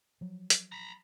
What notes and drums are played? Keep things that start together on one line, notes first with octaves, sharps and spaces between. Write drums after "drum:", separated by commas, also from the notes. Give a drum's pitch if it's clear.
F3 F#3
drum: hi-hat
A#5 B5